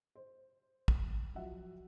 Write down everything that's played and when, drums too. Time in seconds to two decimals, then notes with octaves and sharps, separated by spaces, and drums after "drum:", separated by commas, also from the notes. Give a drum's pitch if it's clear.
0.15 C5
0.88 drum: kick
1.35 F3 F#3 E5 F#5